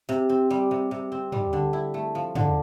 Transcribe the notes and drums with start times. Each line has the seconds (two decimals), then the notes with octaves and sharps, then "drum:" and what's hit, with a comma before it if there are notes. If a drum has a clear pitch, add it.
0.09 C3
0.29 C4
0.50 G3
0.71 C3
0.91 C3
1.12 C4
1.32 G3, drum: tom
1.53 D3
1.73 E4
1.94 A3
2.15 F3
2.35 D3, drum: tom